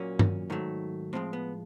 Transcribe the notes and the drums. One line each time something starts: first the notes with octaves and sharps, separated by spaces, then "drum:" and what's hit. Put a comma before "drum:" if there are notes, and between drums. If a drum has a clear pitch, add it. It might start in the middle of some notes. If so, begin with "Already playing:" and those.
Already playing: A#2 F#3 A#3 C#4
drum: tom G2
G#2 D#3 F#3 A3
A2 F3 G#3 C4
B3